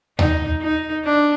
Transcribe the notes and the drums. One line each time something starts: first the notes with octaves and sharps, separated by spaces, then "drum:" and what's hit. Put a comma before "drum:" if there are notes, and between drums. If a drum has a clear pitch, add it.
D#4, drum: tom D#2
D#4
D4